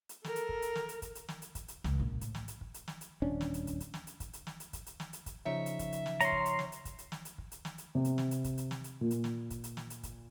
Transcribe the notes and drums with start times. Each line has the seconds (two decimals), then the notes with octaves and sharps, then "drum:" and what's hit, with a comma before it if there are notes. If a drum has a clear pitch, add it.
0.09 drum: hi-hat
0.24 A4 A#4, drum: snare
0.36 drum: hi-hat
0.49 drum: kick
0.62 drum: hi-hat
0.75 drum: snare
0.89 drum: hi-hat
1.02 drum: kick, hi-hat
1.15 drum: hi-hat
1.28 drum: snare
1.42 drum: hi-hat
1.55 drum: kick, hi-hat
1.68 drum: hi-hat
1.84 C#2, drum: snare
2.00 A#1 B2
2.21 A2, drum: hi-hat
2.35 drum: snare
2.48 drum: hi-hat
2.61 drum: kick
2.74 drum: hi-hat
2.88 drum: snare
3.01 drum: hi-hat
3.22 D#1 C#4 D4
3.41 drum: snare
3.54 drum: hi-hat
3.67 drum: kick, hi-hat
3.80 drum: hi-hat
3.94 drum: snare
4.07 drum: hi-hat
4.20 drum: kick, hi-hat
4.33 drum: hi-hat
4.47 drum: snare
4.60 drum: hi-hat
4.73 drum: kick, hi-hat
4.86 drum: hi-hat
5.00 drum: snare
5.13 drum: hi-hat
5.26 drum: kick, hi-hat
5.46 C#3 F3 D#4 C#5 E5
5.66 drum: hi-hat
5.79 drum: kick, hi-hat
5.92 drum: hi-hat
6.06 drum: snare
6.21 C#4 A#5 C6, drum: hi-hat
6.32 drum: kick
6.45 drum: hi-hat
6.59 drum: snare
6.72 drum: hi-hat
6.85 drum: kick, hi-hat
6.99 drum: hi-hat
7.12 drum: snare
7.25 drum: hi-hat
7.38 drum: kick
7.52 drum: hi-hat
7.65 drum: snare
7.78 drum: hi-hat
7.95 C3
8.05 drum: hi-hat
8.18 drum: snare
8.31 drum: hi-hat
8.44 drum: kick, hi-hat
8.58 drum: hi-hat
8.71 drum: snare
8.84 drum: hi-hat
9.01 A#2
9.11 drum: hi-hat
9.24 drum: snare
9.50 drum: kick, hi-hat
9.64 drum: hi-hat
9.77 drum: snare
9.90 drum: hi-hat
10.03 drum: kick, hi-hat